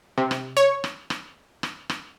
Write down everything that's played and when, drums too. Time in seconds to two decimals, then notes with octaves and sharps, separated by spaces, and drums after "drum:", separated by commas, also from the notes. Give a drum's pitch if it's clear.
0.18 C3
0.31 drum: rim click
0.57 C#5
0.84 drum: rim click
1.10 drum: rim click
1.63 drum: rim click
1.90 drum: rim click